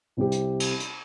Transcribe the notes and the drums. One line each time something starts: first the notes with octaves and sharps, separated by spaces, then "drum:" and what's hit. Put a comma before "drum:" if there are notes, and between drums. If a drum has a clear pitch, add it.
C2 C3 G3 C4 G4
drum: hi-hat
drum: cymbal
drum: hi-hat